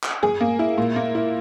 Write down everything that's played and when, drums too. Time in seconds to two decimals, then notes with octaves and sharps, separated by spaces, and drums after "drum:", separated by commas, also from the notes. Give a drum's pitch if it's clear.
0.03 drum: clap
0.23 G#4, drum: tom G2
0.41 A#3
0.59 E4
0.78 A#2
0.96 A#3
1.15 E4